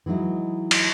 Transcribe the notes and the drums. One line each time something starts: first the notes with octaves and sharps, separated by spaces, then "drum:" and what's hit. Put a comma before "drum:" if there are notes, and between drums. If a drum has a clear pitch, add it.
E3 F#3 G#3 D#4 E4
drum: cymbal